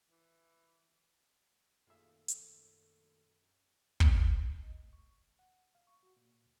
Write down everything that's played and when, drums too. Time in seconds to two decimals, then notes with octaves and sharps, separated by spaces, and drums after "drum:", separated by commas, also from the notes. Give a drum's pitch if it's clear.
0.11 E3
1.87 F#2 A#2 D#3 A3 F4 G#4 A4 E5
2.28 drum: hi-hat
4.00 drum: kick
4.62 D#5
4.79 A2
4.93 C#6
5.08 D#2
5.23 D2
5.39 F#5
5.75 F5
5.87 C#6
6.03 F#4
6.17 A#2
6.45 D2